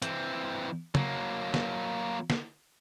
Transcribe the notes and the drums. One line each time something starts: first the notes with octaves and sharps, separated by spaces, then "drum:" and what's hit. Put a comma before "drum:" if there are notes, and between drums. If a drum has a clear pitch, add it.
E3 C4, drum: hi-hat
F#3 A#3, drum: tom
drum: snare
drum: snare